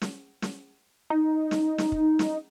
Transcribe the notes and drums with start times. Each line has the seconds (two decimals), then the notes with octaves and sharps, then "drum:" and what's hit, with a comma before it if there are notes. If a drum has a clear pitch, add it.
0.02 drum: snare
0.42 drum: snare
1.10 D#4
1.51 drum: snare
1.78 drum: snare
1.92 drum: kick
2.19 drum: snare